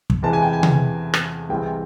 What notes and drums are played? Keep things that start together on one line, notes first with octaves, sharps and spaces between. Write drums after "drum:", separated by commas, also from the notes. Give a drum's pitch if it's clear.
drum: kick
E2 C3 E3 G#3 A5
G#5
G5
G#5
drum: tom C3
drum: rim click
C2 C3 E3 G#3 C4 G5